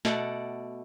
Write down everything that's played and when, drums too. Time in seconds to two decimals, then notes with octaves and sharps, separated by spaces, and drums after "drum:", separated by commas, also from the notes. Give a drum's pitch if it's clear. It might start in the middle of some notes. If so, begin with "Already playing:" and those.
0.05 B2 A3 D5 F#5, drum: snare